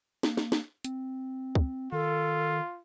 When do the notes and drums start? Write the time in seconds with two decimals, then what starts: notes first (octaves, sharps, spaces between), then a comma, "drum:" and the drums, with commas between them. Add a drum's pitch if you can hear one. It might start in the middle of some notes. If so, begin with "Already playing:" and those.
0.23 A#3, drum: snare
0.37 drum: snare
0.52 drum: snare
0.84 C4, drum: hi-hat
1.55 drum: kick
1.92 D#3 F4 A4